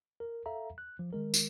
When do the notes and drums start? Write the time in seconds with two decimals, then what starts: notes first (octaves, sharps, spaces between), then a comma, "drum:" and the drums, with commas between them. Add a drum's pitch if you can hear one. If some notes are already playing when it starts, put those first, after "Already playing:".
0.20 A#4
0.46 A4 E5 F5 A#5
0.78 F#6
0.99 F3
1.12 D#3 G#3 A#4
1.34 drum: tambourine